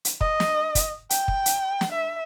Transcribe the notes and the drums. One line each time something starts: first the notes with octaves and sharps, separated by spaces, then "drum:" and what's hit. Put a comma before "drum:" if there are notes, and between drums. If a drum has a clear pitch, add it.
drum: hi-hat
D#5, drum: kick
drum: snare
drum: kick, hi-hat
G5, drum: hi-hat
drum: kick
drum: hi-hat
drum: snare
E5